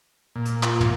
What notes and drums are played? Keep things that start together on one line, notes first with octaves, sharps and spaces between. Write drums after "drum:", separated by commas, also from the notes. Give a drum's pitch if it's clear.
A#2
drum: hi-hat
F4, drum: clap
drum: tom